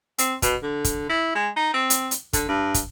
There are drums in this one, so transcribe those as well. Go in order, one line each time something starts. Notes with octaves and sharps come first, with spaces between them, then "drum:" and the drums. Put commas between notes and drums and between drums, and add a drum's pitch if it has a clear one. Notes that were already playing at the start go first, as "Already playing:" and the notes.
C4, drum: hi-hat
B2, drum: kick, hi-hat
D3
drum: kick, hi-hat
E4
G#3
D#4
C4
drum: hi-hat
drum: hi-hat
D3, drum: kick, hi-hat
G2
drum: kick, hi-hat